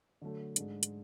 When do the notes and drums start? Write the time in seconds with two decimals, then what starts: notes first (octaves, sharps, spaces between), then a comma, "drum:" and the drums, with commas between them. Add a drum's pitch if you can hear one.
0.22 D3 F#3 A3
0.56 G#2 G#3 D4, drum: hi-hat
0.83 drum: hi-hat